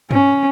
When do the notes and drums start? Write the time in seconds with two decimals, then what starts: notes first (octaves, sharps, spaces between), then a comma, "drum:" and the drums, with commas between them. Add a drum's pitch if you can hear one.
0.11 C#4, drum: tom G2